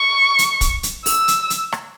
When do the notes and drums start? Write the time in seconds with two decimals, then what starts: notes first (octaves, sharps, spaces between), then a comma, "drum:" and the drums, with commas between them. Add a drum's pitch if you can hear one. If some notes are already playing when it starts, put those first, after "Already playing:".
Already playing: C#6
0.38 drum: hi-hat
0.61 drum: kick, hi-hat
0.83 drum: hi-hat
1.06 E6, drum: open hi-hat
1.28 drum: hi-hat
1.50 drum: hi-hat
1.72 drum: rim click